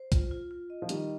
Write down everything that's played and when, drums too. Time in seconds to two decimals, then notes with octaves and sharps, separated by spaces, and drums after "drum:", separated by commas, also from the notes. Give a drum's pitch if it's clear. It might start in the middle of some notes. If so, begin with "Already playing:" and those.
Already playing: C5
0.12 F4, drum: kick, hi-hat
0.31 F4
0.51 F4
0.70 D#5
0.82 F3
0.89 D#3 G3 D#5, drum: hi-hat